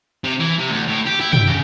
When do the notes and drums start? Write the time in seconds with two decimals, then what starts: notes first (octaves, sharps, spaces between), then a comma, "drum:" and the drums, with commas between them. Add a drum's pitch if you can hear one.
0.24 C3
0.40 E3
0.59 C3
0.70 D2
0.87 A2
1.06 G4
1.20 E4
1.33 G5, drum: tom
1.48 C#3